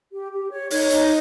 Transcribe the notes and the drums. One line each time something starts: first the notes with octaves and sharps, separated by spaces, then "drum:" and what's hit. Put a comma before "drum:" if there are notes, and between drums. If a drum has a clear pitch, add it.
G4
G4
C#5
D#4 C#5, drum: open hi-hat
D#4, drum: hi-hat